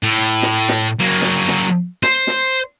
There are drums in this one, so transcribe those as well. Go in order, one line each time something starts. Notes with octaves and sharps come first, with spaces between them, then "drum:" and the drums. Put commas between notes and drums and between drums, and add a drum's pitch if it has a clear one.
A2
drum: snare
drum: snare
F#3 A#3
drum: snare
drum: snare
C5, drum: snare
drum: snare